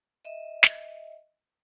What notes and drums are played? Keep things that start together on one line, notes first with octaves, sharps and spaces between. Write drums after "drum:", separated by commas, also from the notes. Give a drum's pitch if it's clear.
D#5 E5
drum: snare